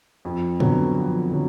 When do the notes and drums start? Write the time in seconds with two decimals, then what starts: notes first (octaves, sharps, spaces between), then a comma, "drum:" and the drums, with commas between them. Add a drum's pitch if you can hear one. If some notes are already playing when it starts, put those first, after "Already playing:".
0.25 F2
0.60 D3 F#3 B3, drum: tom G#2
0.97 F2
1.32 D3 F#3